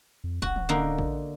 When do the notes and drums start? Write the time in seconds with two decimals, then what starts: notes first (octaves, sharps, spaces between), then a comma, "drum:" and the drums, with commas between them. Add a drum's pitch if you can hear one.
0.24 F2
0.42 D1 F#4, drum: kick A1
0.56 drum: tom
0.69 D3 A#3 D#4
0.98 drum: kick A1